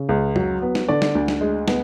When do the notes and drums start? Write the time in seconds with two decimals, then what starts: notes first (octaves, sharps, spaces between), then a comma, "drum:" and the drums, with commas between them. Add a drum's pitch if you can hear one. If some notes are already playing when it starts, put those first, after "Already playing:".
Already playing: C#3
0.09 C#2
0.36 F#3, drum: tom
0.62 B3
0.75 drum: snare
0.88 D3 D5
1.02 drum: snare
1.15 D2
1.28 drum: snare
1.41 G#3
1.68 B3, drum: snare